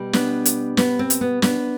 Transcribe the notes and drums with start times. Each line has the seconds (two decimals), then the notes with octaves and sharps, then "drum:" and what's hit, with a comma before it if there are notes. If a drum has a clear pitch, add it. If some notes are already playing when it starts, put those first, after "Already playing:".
Already playing: B2 G3
0.13 B3 D4, drum: snare
0.45 drum: hi-hat
0.77 B3, drum: snare
0.99 C4
1.10 drum: hi-hat
1.21 B3
1.42 B3 D4, drum: snare